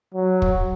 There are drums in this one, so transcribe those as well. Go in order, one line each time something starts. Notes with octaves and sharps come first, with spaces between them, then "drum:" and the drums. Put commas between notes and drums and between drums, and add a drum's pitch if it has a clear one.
F#3
drum: kick